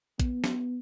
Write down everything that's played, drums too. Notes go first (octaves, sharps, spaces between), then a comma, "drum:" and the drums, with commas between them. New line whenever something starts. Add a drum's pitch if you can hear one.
B3, drum: kick, hi-hat
drum: snare